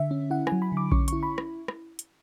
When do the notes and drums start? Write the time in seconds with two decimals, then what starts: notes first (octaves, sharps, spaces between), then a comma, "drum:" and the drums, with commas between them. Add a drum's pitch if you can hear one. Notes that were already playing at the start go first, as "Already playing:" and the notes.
Already playing: D3 E5
0.11 C#4
0.30 E4 F#5
0.47 G#5, drum: rim click
0.52 F#3
0.62 B5
0.72 D3 D6
0.92 C#4 C#6, drum: kick A#1
1.08 E4 C#6, drum: hi-hat
1.23 B5
1.38 drum: rim click
1.68 drum: rim click
1.99 drum: hi-hat